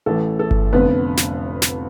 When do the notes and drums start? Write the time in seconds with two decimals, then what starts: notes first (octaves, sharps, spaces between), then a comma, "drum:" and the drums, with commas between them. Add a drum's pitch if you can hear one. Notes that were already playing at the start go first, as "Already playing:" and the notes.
0.06 A1 A2 E3 A4
0.39 A4
0.51 drum: kick G1
0.73 F1 F2 D3 B3 B4
1.17 drum: snare
1.62 drum: snare